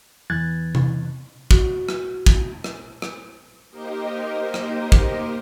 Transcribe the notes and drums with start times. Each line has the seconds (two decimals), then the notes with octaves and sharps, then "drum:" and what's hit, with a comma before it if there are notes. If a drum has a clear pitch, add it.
0.30 E2 E3 F#6 G#6 A6
0.75 drum: tom C3
1.51 F#4, drum: kick
1.89 drum: rim click
2.26 drum: kick
2.64 drum: rim click
3.02 drum: rim click
3.70 A#3 D#4 G4 A#4 C5 D#5
4.54 drum: rim click
4.92 drum: kick